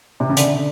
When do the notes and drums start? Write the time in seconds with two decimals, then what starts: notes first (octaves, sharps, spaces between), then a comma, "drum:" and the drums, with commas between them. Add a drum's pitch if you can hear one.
0.20 C3
0.29 C#3
0.37 D3, drum: hi-hat